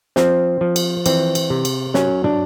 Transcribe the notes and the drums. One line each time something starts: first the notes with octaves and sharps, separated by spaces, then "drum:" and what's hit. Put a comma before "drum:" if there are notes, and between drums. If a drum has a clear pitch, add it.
F3 C4, drum: snare
F3
drum: cymbal
E3 C4, drum: cymbal
drum: cymbal
C3
drum: cymbal
F#3 C#4, drum: snare
D4, drum: tom